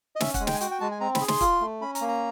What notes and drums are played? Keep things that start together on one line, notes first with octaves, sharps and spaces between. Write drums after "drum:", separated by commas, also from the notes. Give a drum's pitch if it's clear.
D#5
C#4 E5, drum: snare
F#5, drum: kick, hi-hat
G#3
G5, drum: snare
G#5
F#4 G5, drum: hi-hat
G5
G#3 A5
G#5
C4 A#5
B5, drum: snare
G#4
C6, drum: snare
F4, drum: kick, hi-hat
A3
C#4 B5
A#5, drum: hi-hat
A#3
A#5